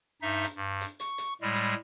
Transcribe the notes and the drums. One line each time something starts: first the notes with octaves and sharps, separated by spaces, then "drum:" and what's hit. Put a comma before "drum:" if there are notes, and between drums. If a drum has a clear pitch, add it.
G2 D#4 E5
drum: hi-hat
G2
drum: hi-hat
C#6, drum: hi-hat
drum: hi-hat
A2 G3 G#3
drum: hi-hat